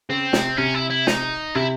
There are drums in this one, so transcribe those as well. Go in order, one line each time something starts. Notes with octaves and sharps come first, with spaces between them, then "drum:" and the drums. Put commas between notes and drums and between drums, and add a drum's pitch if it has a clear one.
C#3 C4
C3, drum: snare
C3 C#4
E4
E4
D#4, drum: snare
C3 E4